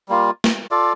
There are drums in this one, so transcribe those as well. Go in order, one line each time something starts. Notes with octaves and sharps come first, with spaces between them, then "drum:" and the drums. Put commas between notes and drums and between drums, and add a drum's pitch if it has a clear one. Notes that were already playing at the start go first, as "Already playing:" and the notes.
G3 A#3 F4
drum: snare
F4 A4 D5 F5